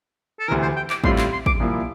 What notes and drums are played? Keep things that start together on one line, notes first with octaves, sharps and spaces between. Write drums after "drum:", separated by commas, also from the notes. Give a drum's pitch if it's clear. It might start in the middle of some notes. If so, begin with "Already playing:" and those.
A4
D2 C3 E3 A#4
C5
G5
D6, drum: clap
A2 G3 C4 F4 C6, drum: kick
C6, drum: clap
C6
D6, drum: kick
C2 A#2 F3 A#3 E4